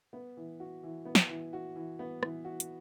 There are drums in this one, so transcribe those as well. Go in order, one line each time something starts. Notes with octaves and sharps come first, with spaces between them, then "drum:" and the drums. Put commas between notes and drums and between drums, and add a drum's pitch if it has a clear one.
B3
E3
F#4
E3
B3
drum: snare
E3
F#4
E3
B3
E3, drum: rim click
F#4
drum: hi-hat